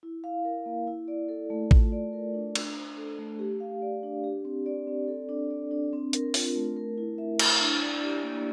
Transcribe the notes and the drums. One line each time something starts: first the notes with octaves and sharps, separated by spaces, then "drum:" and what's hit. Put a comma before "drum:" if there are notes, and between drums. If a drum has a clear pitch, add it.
E4
F5
A#4
A#3
E4
D5
A4
A3
F4, drum: kick
D5
A#4
D4
D4, drum: cymbal
C5
A4
A3
G4
F5
D5
D4
G4
C4
D5
C4
A4
D4
D5
D4
C4
A#4, drum: hi-hat
F4, drum: open hi-hat
A3
A#4
E4
E5
E4, drum: cymbal
D4
D5
G4
A#3